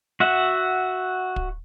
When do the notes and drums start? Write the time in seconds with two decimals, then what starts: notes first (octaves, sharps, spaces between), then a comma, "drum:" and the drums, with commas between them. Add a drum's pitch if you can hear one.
0.20 F#4 E5 F#5
1.36 drum: kick